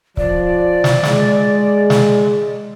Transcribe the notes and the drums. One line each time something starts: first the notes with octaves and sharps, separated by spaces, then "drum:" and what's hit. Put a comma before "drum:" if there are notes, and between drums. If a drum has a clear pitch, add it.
F3 D5, drum: kick C#1
drum: snare
G#3, drum: snare
drum: snare